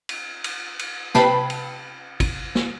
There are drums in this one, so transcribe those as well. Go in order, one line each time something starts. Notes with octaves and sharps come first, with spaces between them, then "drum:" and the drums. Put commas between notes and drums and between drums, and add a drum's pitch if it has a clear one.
drum: cymbal
drum: cymbal
drum: cymbal
C3 B4 G5 A5 B5 C7, drum: snare
drum: cymbal
drum: kick, cymbal
drum: snare